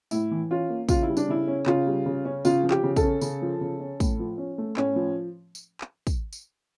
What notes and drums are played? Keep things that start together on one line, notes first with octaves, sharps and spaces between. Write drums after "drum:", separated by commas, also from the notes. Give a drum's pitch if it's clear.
A2 E4, drum: tambourine
E3
C#4 F4
A#3
C#3 F4, drum: kick, tambourine
E4
G3
D4, drum: tambourine
C#3 E4
C#4
C#3 F4, drum: clap
G3
C#3
C#4
C#3 F4, drum: tambourine
F3
G4, drum: clap
C#3
A4, drum: kick, tambourine
C#4
C#3, drum: tambourine
F3
C#3
C#4
A2, drum: kick, tambourine
F3
C#4
A3
A2 C#4, drum: clap
F3
drum: tambourine
drum: clap
drum: kick, tambourine
drum: tambourine